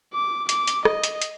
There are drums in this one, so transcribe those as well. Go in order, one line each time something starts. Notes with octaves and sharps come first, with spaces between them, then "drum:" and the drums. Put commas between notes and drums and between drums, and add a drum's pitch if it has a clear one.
D6
D6, drum: hi-hat
drum: hi-hat
D#5, drum: rim click
drum: hi-hat
drum: hi-hat